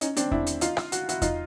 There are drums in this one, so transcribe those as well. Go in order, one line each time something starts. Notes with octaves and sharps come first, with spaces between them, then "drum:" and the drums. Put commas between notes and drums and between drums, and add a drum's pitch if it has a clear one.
C#4 D#4, drum: hi-hat
C4 D4, drum: hi-hat
D4 E4, drum: kick E2
drum: hi-hat
D#4 F4, drum: hi-hat
drum: rim click
F#4, drum: hi-hat
E4 F#4, drum: hi-hat
D#4 F4, drum: kick E2, hi-hat